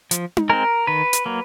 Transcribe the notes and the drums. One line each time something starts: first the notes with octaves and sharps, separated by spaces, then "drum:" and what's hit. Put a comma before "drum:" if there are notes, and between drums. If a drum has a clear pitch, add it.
F3, drum: hi-hat
drum: tom D#4
G#3 C4 A#4
D#3 B4
drum: hi-hat
F#3 A#3